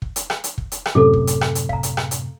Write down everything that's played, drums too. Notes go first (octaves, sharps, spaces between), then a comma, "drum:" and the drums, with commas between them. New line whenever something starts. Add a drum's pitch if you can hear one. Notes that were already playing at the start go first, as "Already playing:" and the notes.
drum: kick
drum: hi-hat
drum: rim click
drum: hi-hat
drum: kick
drum: hi-hat
drum: rim click
F#2 A2 C3 A4 D6
drum: kick
drum: hi-hat
drum: rim click
drum: hi-hat
F5 A#5, drum: kick
drum: hi-hat
drum: rim click
drum: hi-hat